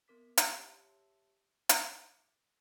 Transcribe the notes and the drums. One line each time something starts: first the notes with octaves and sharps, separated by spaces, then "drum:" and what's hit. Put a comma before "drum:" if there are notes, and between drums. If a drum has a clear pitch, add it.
B3 C4 A#4 D6 B6
G4 C#5 E5 A5 C6 E6, drum: hi-hat
D6 A6, drum: hi-hat